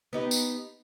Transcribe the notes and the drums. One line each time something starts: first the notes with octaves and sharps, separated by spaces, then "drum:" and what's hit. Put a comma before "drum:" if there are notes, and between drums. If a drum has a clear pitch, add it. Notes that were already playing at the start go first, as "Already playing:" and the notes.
B3 D#4 G4
drum: tambourine